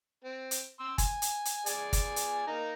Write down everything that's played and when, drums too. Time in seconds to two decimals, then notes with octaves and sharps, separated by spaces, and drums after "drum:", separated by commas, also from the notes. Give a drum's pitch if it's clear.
0.24 C4
0.51 drum: hi-hat
0.80 C6 E6
0.98 G#5, drum: kick, hi-hat
1.22 drum: hi-hat
1.45 drum: hi-hat
1.66 G#4 D5 G#5, drum: hi-hat
1.93 drum: kick, hi-hat
2.16 drum: hi-hat
2.47 A#3 D#4 A#5